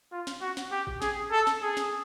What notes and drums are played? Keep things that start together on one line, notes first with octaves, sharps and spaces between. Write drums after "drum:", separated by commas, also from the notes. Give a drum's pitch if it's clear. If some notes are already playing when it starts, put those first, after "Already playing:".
F4
drum: snare
F#4
drum: snare
G4
drum: kick G#1
G#4, drum: snare
A4
drum: snare
G#4
drum: snare